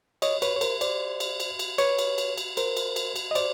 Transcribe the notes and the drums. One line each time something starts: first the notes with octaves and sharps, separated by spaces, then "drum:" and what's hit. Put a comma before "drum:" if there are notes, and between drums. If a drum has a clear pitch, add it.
C#5 D#5, drum: cymbal
B4 C#5, drum: cymbal
C#5
A#4 C5, drum: cymbal
C5 D5, drum: cymbal
drum: cymbal
drum: cymbal
drum: cymbal
B4 C#5, drum: cymbal
drum: cymbal
drum: cymbal
drum: cymbal
A#4 C5, drum: cymbal
drum: cymbal
drum: cymbal
drum: cymbal
D#5
C5 D5, drum: cymbal